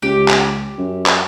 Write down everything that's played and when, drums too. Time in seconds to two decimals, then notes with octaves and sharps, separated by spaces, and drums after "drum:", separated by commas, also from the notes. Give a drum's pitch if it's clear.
0.02 C#2 G4
0.28 drum: clap
0.78 F#2
1.06 drum: clap